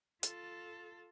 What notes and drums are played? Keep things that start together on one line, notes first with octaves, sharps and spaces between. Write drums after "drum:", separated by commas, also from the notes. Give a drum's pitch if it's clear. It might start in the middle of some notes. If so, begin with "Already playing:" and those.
F4 A4, drum: hi-hat